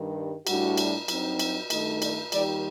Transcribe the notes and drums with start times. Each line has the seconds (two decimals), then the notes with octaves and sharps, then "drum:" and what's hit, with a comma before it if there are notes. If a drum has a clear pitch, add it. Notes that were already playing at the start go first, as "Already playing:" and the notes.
Already playing: G2 D#3 G3
0.47 A2 G3 D4 F#4, drum: cymbal
0.77 drum: cymbal
1.08 G2 F#3 C4 D#4, drum: cymbal
1.39 drum: cymbal
1.70 G2 D#3 A3 D#4 D#5, drum: cymbal
2.02 D5, drum: cymbal
2.32 D#2 D#3 G3 D5, drum: cymbal